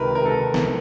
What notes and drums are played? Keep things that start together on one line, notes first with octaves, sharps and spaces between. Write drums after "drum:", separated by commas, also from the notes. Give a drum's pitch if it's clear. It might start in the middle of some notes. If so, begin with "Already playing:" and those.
Already playing: C#2 C3 D#3 A#4 B4
C#2 C3 D#3 A#4
A4
drum: snare